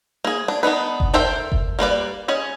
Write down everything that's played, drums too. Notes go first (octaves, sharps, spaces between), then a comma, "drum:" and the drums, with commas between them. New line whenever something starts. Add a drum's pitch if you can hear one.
A#3 G#4
D4
B3 D4 D#4 B4
drum: kick F#1
A4 A#4 C5 E5 G5
drum: kick F#1
G3 A#3 B4 D5
C#4 G#4 D#5